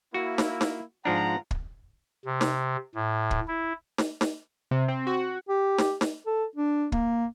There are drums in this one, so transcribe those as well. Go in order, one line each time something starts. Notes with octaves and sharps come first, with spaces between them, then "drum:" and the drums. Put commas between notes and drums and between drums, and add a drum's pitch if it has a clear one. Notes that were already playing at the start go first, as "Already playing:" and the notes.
A#3 E4 F#4
drum: snare
drum: snare
G#2 F3 D4 F4 F#5 A#5
drum: kick
C3
drum: snare
A2
drum: kick
E4
drum: snare
drum: snare
C3
C4
F#4
G4
drum: snare
drum: snare
A4
D4
A#3, drum: kick